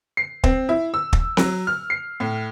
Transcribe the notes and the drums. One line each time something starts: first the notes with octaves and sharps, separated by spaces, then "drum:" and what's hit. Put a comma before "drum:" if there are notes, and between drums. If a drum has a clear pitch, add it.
C7
C4, drum: kick
E4
E6
drum: kick
F#3, drum: snare C4
F6
C7
A2